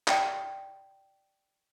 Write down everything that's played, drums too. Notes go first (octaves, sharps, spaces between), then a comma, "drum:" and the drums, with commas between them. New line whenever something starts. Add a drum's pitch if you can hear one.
D5 G5 A5, drum: clap